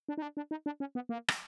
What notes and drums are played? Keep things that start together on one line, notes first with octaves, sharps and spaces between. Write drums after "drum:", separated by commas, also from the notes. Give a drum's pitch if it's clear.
D4
D#4
D4
D4
D#4
D4
C#4
B3
A#3
drum: rim click